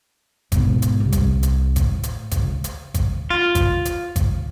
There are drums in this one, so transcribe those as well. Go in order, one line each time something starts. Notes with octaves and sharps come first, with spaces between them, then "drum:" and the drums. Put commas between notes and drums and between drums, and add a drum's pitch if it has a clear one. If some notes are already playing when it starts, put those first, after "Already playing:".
G#2 B2, drum: kick G#1, hi-hat
drum: hi-hat
C2
drum: kick G#1, hi-hat
drum: hi-hat
A2, drum: kick G#1, hi-hat
drum: hi-hat
C#2, drum: kick G#1, hi-hat
drum: hi-hat
drum: kick G#1, hi-hat
F4
drum: kick G#1, hi-hat
drum: hi-hat
drum: kick G#1, hi-hat